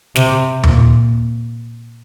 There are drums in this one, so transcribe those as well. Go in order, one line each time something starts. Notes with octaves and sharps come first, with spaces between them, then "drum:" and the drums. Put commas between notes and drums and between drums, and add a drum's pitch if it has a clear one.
C3, drum: snare
A#2, drum: tom D#2